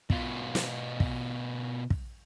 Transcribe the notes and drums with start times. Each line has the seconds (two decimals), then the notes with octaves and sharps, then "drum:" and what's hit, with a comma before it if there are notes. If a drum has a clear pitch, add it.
0.10 B2 F4, drum: kick
0.55 drum: snare
1.00 drum: kick
1.90 drum: kick